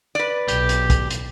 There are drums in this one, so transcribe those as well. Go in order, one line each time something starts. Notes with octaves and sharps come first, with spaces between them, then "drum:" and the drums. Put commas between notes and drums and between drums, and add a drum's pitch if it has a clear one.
B4 D5
B1 G4, drum: hi-hat
drum: hi-hat
drum: kick, hi-hat
drum: hi-hat